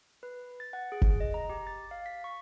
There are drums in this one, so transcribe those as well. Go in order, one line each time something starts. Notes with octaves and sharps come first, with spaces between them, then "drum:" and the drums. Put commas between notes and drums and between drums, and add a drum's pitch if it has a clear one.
B4
A6
F#5
G#4
drum: kick F#1
D#5
A#5
G4
A6
F5
B6
C#6